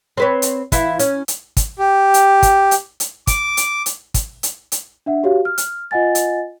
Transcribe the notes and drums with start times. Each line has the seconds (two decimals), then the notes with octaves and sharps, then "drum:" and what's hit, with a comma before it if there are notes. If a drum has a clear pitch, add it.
0.17 C4 B4 C#5
0.42 drum: hi-hat
0.72 E3 E4 F4, drum: kick, hi-hat
0.99 C#4, drum: hi-hat
1.28 drum: hi-hat
1.57 drum: kick, hi-hat
1.79 G4
2.14 drum: hi-hat
2.43 drum: kick, hi-hat
2.71 drum: hi-hat
3.00 drum: hi-hat
3.27 D6, drum: kick, hi-hat
3.57 drum: hi-hat
3.86 drum: hi-hat
4.14 drum: kick, hi-hat
4.43 drum: hi-hat
4.72 drum: hi-hat
5.06 D4 E5 F#5
5.23 F#4 G4 C#5 F5
5.45 F6
5.58 drum: hi-hat
5.91 F4 D#5 F#5 G#5 A6
6.15 drum: hi-hat